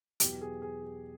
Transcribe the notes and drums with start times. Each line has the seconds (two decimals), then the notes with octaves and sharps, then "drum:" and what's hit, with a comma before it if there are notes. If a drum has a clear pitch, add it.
0.20 E2 B2 F#3 G4, drum: hi-hat
0.41 G#4
0.62 G#4
0.83 G4